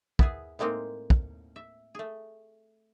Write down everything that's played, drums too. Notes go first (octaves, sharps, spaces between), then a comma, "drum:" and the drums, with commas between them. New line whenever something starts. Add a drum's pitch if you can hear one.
B3 E4 G#4, drum: kick
A2 G#3 A#3 C4 D#4
drum: kick
E5
A3 G#4